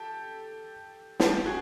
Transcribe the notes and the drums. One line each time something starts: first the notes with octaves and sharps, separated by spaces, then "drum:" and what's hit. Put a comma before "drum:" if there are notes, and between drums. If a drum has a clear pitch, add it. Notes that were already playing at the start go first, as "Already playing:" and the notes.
Already playing: G4 A4
G4 A4, drum: snare
F#4 G#4